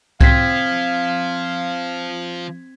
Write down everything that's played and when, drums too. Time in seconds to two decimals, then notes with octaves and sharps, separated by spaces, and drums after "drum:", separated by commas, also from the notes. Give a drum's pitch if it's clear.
0.21 F3 C4 F5 G#6 B6, drum: kick C2